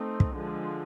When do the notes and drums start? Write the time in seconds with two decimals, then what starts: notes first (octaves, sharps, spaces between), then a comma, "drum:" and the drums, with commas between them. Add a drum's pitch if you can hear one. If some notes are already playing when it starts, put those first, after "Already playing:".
Already playing: A3 C4 D#4
0.20 drum: kick
0.36 D3 F3 G#3